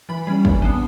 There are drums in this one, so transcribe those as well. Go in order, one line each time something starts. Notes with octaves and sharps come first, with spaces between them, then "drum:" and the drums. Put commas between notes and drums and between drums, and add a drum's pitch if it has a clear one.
E3 B5
G3 C#4
E3, drum: kick
B3 D4